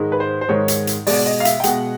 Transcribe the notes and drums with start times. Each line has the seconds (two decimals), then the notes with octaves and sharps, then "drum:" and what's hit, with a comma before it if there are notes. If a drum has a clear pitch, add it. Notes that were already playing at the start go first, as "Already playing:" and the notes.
Already playing: G#2 D#3 G#3
0.12 B4
0.20 C5
0.41 C5
0.49 G#2 D#3 G#3 C#5
0.68 drum: hi-hat
0.87 drum: hi-hat
1.07 B2 G#3 D5, drum: open hi-hat
1.26 D#5
1.40 F5
1.45 E5, drum: hi-hat
1.60 G5
1.64 B2 G#3 F#5, drum: hi-hat